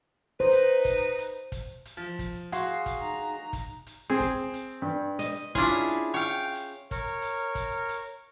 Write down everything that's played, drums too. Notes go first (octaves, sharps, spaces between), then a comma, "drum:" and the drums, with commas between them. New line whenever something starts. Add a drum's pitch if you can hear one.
D#4 B4 C5
drum: hi-hat
drum: kick, hi-hat
drum: hi-hat
drum: kick, hi-hat
drum: hi-hat
F3
drum: kick, hi-hat
F#4 G#4 F5 C6, drum: hi-hat
drum: kick, hi-hat
D#4 A#5
drum: kick, hi-hat
drum: hi-hat
C4 G#4
drum: kick, hi-hat
drum: hi-hat
G2
D#5, drum: hi-hat
C#4 D4 E4 F4 G#4 E5 C6, drum: kick, hi-hat
drum: hi-hat
C#5 F5 G5
drum: hi-hat
A#4 C#5, drum: kick, hi-hat
drum: hi-hat
drum: kick, hi-hat
drum: hi-hat